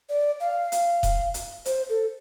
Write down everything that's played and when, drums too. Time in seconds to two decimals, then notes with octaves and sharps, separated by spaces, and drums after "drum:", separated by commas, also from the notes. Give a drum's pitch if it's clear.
0.09 D5
0.40 F5
0.72 drum: hi-hat
1.03 drum: kick D#1, hi-hat
1.34 drum: hi-hat
1.65 C5, drum: hi-hat
1.89 A4